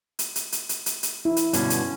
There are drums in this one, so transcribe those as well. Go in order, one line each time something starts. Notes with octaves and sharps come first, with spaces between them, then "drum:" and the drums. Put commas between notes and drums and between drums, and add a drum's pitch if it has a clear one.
drum: hi-hat
drum: hi-hat
drum: hi-hat
drum: hi-hat
drum: hi-hat
drum: hi-hat
E4
drum: hi-hat
G2 B2 D3 C#4, drum: hi-hat
drum: hi-hat